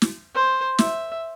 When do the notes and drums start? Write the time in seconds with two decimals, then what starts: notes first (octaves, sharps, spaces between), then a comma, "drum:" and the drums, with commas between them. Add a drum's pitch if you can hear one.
0.02 drum: snare
0.35 C5
0.78 E5, drum: snare